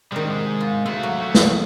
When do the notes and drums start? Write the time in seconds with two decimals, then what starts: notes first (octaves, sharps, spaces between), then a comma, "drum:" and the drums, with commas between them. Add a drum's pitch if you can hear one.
0.12 C3 D#3 G3 G#3
0.29 G#2 G#3
0.60 F4
0.86 A3 F4 F#4
1.03 F#3
1.35 drum: snare